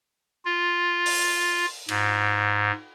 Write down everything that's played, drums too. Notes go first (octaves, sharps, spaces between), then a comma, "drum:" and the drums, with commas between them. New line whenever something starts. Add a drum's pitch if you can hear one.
F4
drum: open hi-hat
G#2, drum: cymbal